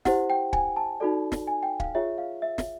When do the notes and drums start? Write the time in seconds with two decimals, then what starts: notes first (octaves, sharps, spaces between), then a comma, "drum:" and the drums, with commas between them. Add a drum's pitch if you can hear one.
0.05 E4 G4 C5 F#5, drum: snare
0.30 G5
0.53 G#5, drum: kick
0.76 A5
1.00 D#4 F#4 A4 D5
1.32 drum: snare
1.47 G#5
1.63 G5
1.80 F5, drum: kick
1.95 F4 G#4 C#5 E5
2.18 F5
2.42 E5
2.58 drum: snare